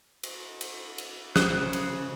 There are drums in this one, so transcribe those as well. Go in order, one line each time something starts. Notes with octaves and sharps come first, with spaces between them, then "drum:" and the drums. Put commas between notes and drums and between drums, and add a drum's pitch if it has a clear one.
drum: cymbal
drum: cymbal
drum: cymbal
C#3 G#4 C5 D#6 F#6, drum: snare
drum: cymbal